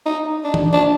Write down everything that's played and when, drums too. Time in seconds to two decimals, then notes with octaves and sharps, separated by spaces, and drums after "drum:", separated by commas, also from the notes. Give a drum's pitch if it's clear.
0.06 D#4
0.44 D4
0.54 drum: tom E3
0.73 D4